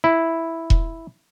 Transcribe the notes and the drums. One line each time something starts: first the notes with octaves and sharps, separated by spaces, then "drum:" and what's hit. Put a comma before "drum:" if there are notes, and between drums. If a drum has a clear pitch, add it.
E4
drum: kick E1